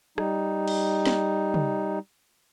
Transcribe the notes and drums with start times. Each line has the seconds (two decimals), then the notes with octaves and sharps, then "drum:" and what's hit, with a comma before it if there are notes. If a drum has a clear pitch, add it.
0.18 G3 D#4, drum: rim click
0.68 drum: cymbal
1.07 drum: snare
1.54 drum: tom